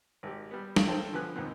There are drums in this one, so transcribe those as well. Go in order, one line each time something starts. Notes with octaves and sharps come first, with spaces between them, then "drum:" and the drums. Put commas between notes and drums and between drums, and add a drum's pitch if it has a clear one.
G#1 G4
G3 B3
drum: snare
A4 A#4 C5 G5 A5
D3 F3 B3 B4 G#5 F#6
D#2 G#2 B3 C4